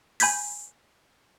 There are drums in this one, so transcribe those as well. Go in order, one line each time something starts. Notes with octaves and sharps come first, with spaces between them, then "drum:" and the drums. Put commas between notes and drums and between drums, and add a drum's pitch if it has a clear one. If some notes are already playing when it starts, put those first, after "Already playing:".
G#5 B5 G6 G#6 B6, drum: open hi-hat